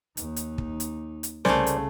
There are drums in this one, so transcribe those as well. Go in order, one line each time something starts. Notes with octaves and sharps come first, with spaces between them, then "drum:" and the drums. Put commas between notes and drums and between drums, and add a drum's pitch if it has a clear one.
D#2 D#4, drum: hi-hat
drum: hi-hat
drum: kick
drum: hi-hat
drum: hi-hat
C2 C#3 A3 A#4 C5 D5, drum: snare
drum: hi-hat